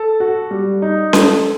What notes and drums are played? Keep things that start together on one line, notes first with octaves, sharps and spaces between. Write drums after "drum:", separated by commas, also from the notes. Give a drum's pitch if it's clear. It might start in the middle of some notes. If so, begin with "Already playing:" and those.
Already playing: A4
F#4
G3
D#4
A4, drum: snare C#4